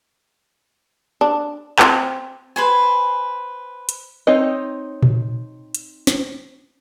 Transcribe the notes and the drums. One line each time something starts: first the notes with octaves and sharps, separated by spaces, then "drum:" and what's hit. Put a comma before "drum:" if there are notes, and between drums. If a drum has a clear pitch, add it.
D4
C4, drum: clap
B4 C5 G#5
drum: hi-hat
C4 D#4 C#5 D#5
drum: tom A#2
drum: hi-hat
drum: snare